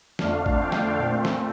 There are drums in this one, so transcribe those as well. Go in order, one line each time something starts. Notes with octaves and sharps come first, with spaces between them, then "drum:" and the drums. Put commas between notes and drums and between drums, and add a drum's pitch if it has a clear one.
F2 D3 A3 D4 F5, drum: snare
drum: kick
G5
drum: snare
A#2 A3 C4
drum: snare